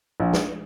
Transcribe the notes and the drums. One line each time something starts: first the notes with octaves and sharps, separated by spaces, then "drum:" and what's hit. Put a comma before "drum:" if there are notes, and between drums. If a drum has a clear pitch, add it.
A#1
drum: snare